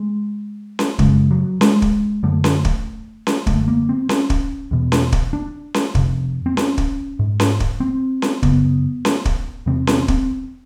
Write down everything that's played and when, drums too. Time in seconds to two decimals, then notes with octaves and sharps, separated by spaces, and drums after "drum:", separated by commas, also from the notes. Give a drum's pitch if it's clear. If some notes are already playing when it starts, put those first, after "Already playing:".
Already playing: G#3
0.79 drum: snare C#4
0.99 F#2 C#3 G#3, drum: kick
1.31 F#3
1.61 G#3, drum: snare C#4
1.82 drum: kick
2.23 F#2 D3 A3
2.44 drum: snare C#4
2.65 drum: kick
3.27 drum: snare C#4
3.47 F#2 D3 A3, drum: kick
3.68 A#3
3.89 C4
4.09 C#4, drum: snare C#4
4.30 drum: kick
4.71 E2 B2
4.92 drum: snare C#4
5.12 drum: kick
5.33 D4
5.74 drum: snare C#4
5.95 F2 C3, drum: kick
6.46 C4
6.57 C#4, drum: snare C#4
6.78 drum: kick
7.19 G#2
7.40 drum: snare C#4
7.60 drum: kick
7.80 C4
8.22 drum: snare C#4
8.43 F#2 C#3 B3, drum: kick
9.05 drum: snare C#4
9.25 drum: kick
9.66 E2 C3 C4
9.87 C4, drum: snare C#4
10.01 C#4
10.08 C4, drum: kick